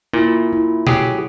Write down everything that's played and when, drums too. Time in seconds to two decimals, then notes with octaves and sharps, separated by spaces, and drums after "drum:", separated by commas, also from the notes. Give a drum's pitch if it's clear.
0.14 A#2 E4
0.53 E4
0.87 F#3 G4 G#4, drum: tom A#2